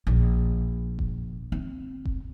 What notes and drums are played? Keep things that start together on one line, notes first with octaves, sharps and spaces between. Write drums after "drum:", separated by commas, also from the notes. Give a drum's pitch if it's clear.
A#1
drum: kick F1
C4
drum: kick F1